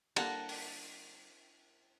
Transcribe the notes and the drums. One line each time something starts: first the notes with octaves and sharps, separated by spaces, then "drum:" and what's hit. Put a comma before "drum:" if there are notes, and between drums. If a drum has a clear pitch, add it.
D3 G3 A#3 F#5 A5 A#5, drum: cymbal
drum: open hi-hat